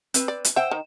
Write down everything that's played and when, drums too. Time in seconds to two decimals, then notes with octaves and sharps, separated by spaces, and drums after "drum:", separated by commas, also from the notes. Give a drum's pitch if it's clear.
0.14 C4 B4, drum: hi-hat
0.28 D5
0.44 drum: hi-hat
0.56 C5 E5 F#5 G5
0.71 D#3 D#4